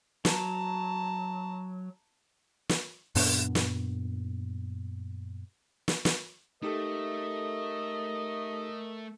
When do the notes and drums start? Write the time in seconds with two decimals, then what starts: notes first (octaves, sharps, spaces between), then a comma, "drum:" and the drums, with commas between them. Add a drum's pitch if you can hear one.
0.25 F#3 A5 A#5, drum: snare
2.69 drum: snare
3.15 F#2 A#2 B3 D4, drum: open hi-hat
3.55 drum: snare
5.88 drum: snare
6.05 drum: snare
6.62 A3 D#4 G4 A4 A#4 D#5